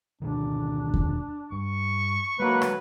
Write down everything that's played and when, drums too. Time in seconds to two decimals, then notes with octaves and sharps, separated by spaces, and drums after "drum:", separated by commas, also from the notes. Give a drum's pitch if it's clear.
0.22 D2 B2 D#3 D4
0.94 drum: kick E2
1.52 G2 C#6
2.40 D2 F#3 G#3 A#3 B4
2.62 drum: rim click